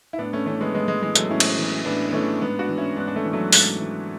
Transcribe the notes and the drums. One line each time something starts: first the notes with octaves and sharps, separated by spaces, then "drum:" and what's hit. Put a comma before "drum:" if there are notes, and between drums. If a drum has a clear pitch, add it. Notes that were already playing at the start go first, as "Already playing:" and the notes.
E4
A2 B3 D4
A3 C#4
E3 A3 C#4
G#3 B3
A2 G#3 B3
G#3
E3 G#3
F#3 A3, drum: hi-hat
A2 C#4 E4
drum: cymbal
E3
A2 B3 D4
B3
E3 A3 C#4
G#2 B3 D4
D4 F#4
E3
C#4 E4
G#2 B3 D4
D4
A3 C#4
E3
F#3 A3
G#2, drum: open hi-hat
E3